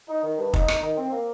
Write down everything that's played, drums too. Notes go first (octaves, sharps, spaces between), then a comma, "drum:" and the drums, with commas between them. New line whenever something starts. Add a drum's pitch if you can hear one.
D#4
D#3
G2
D#4, drum: kick
D#4, drum: rim click
D#3
C4
A#3